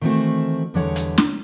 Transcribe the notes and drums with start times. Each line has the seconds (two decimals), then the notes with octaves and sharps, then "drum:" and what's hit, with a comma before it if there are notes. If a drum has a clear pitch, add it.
0.01 D#3 E3 A3 B3 C4 F#4
0.74 E2 D3 G3 G#3 C#5 F#5
0.96 drum: hi-hat
1.18 drum: snare